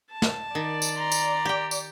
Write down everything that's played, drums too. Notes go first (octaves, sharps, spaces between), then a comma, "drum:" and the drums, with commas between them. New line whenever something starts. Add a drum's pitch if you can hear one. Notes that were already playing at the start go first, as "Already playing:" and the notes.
A5
drum: snare
D#3 D5
drum: tambourine
A#5 C6
drum: tambourine
G4 G5
drum: tambourine